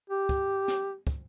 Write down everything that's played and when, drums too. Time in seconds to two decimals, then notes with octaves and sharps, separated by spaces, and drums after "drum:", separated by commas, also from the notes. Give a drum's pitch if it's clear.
0.10 G4
0.29 drum: kick
0.68 drum: snare
1.07 drum: kick